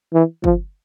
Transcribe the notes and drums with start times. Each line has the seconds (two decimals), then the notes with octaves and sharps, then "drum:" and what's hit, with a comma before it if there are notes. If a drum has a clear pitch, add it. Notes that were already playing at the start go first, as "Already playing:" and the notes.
0.14 E3
0.44 F3, drum: kick